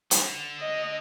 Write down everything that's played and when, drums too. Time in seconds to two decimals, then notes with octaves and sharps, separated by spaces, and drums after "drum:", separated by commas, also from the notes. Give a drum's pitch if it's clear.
0.11 D3, drum: hi-hat
0.60 D#5